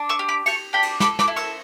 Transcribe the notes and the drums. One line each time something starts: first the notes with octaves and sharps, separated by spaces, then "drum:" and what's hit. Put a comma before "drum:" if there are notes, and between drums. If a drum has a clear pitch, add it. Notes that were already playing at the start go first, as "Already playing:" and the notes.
Already playing: D4
C#6 E6
G4
B5 D6
G4 A5 C#6, drum: cymbal
D4 G5 B5
drum: cymbal
A4 B5 D6, drum: snare
B5 D6, drum: snare
E4
C#6 E6, drum: cymbal